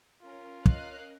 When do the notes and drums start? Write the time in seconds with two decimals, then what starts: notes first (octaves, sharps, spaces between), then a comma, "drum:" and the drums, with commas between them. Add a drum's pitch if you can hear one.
0.21 C#4 F4 A#4
0.66 D#5 F5 F#6, drum: kick